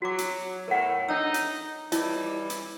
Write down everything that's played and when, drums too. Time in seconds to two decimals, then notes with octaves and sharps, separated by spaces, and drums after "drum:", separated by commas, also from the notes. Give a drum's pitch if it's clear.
0.02 F#3 F#4 D6
0.18 drum: hi-hat
0.68 E2 A2 A#4 F#5
1.09 D4 D#4 C#5 E6
1.34 drum: hi-hat
1.92 E3 G3 E4 C#5 D#5, drum: hi-hat
2.50 drum: hi-hat